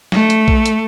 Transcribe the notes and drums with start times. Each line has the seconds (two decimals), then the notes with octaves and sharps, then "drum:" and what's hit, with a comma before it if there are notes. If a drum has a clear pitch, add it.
0.12 A3, drum: snare
0.30 drum: hi-hat
0.48 drum: kick A#1
0.66 drum: hi-hat